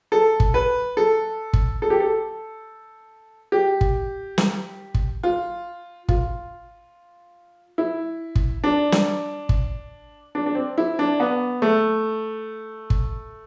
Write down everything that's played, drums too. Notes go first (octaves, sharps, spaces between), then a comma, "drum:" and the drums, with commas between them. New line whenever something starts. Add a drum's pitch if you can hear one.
A4
drum: kick
B4
A4
drum: kick
A4
G4
A4
G4
drum: kick
drum: snare
drum: kick
F4
F4, drum: kick
E4
drum: kick
D4
drum: snare
drum: kick
D4
D4
C4
E4
D4
B3
A3
drum: kick